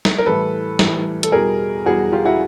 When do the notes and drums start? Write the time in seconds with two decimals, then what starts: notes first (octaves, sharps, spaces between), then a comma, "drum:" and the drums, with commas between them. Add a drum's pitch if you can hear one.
0.05 drum: snare
0.19 A#4
0.26 A2 E3 G3 A4 B4
0.79 A2 E3 G3, drum: snare
1.23 A4, drum: hi-hat
1.32 E2 B2 G3 G#4 A#4
1.86 E2 B2 G3 F#4 G#4
2.12 F4 G4
2.25 E4 F#4